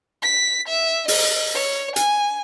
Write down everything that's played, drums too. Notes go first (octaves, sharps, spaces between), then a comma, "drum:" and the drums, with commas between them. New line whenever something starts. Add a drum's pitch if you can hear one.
B6
E5
D#5, drum: open hi-hat
C#5
G#5, drum: hi-hat